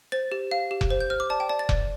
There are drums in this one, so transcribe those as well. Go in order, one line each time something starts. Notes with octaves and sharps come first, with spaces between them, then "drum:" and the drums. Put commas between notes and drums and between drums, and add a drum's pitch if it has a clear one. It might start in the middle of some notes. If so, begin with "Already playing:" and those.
C5 A6
G4
F5
G4
drum: kick F1
C5
G6
C5 F6
D6
D5 A5
G5
D5 A5
A6
D5, drum: kick F1